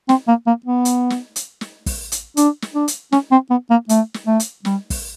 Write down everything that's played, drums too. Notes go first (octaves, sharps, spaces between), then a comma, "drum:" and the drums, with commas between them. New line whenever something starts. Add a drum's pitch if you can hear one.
C4, drum: snare
A#3
A#3
B3
drum: hi-hat
drum: snare
drum: hi-hat
drum: snare
drum: kick, open hi-hat
drum: hi-hat
D4, drum: hi-hat
drum: snare
D4
drum: hi-hat
C#4, drum: snare
C4
B3
A#3
A3, drum: hi-hat
drum: snare
A3
drum: hi-hat
G3, drum: snare
drum: kick, open hi-hat